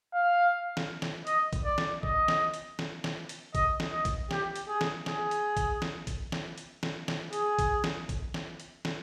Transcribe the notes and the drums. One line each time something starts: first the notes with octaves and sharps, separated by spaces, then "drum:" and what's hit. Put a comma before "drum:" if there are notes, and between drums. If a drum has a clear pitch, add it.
F5
drum: snare
drum: snare
D#5, drum: hi-hat
drum: kick, hi-hat
D5
drum: snare
D#5, drum: kick
drum: snare
drum: hi-hat
drum: snare
drum: snare
drum: hi-hat
D#5, drum: kick, hi-hat
drum: snare
D#5
drum: kick, hi-hat
G4, drum: snare
drum: hi-hat
G#4
drum: snare
G#4, drum: snare
drum: hi-hat
drum: kick, hi-hat
drum: snare
drum: kick, hi-hat
drum: snare
drum: hi-hat
drum: snare
drum: snare
G#4, drum: hi-hat
drum: kick, hi-hat
drum: snare
drum: kick, hi-hat
drum: snare
drum: hi-hat
drum: snare